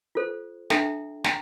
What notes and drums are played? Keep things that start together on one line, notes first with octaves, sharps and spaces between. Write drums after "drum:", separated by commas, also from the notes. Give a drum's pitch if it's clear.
F4 A4 C5
D4 A4 E5 G5 A#5, drum: snare
G5 A#5, drum: snare